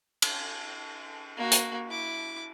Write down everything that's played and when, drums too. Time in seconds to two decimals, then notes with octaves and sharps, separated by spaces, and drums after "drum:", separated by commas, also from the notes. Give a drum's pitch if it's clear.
0.22 drum: cymbal
1.37 A#3 F#4
1.52 drum: hi-hat
1.89 E4 D6